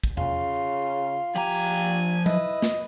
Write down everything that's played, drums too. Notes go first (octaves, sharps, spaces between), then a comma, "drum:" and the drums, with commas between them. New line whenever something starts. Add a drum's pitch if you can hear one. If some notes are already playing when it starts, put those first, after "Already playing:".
drum: kick
C#3 F4 C6, drum: tom E2
F3 G4 G#5 A#5
E4 B4 D#5, drum: tom F#3
drum: snare